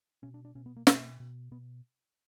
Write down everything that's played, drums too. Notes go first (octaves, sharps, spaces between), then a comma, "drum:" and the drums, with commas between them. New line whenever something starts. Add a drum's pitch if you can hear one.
B2 C#4
D4
D4
B2 C#4
B3
A#3
B2 A#3, drum: snare
B2
B2 B3